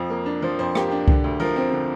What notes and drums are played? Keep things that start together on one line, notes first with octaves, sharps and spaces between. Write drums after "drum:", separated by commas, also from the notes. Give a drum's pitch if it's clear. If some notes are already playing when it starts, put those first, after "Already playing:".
Already playing: F2 F3
A#3
D4
F3 C5
F2 C5
A#3 G4, drum: rim click
D4
D3, drum: kick C2
D2
F3 A#4
C4
D3